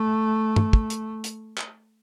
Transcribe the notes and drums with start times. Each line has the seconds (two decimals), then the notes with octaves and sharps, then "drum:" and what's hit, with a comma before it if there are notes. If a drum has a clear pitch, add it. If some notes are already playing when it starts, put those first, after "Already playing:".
Already playing: A3
0.56 drum: tom
0.73 drum: kick
0.90 drum: hi-hat
1.24 drum: hi-hat
1.58 drum: clap